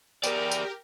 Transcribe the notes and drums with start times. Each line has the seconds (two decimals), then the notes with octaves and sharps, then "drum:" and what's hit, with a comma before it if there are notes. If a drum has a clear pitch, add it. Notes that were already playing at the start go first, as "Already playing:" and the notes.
0.23 G4 G#4 A#4 D5, drum: tambourine
0.52 drum: tambourine